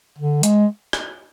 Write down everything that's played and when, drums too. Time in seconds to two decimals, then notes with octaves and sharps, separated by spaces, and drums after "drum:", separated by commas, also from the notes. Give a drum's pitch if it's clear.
0.19 D3
0.43 G#3, drum: hi-hat
0.93 drum: rim click